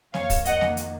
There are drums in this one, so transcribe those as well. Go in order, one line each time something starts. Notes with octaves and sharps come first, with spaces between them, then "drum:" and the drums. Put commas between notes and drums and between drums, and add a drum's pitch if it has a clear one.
F2 D#3 A#3 C#5 F5, drum: snare
drum: kick, open hi-hat
D#5 F#5, drum: hi-hat
drum: snare
drum: hi-hat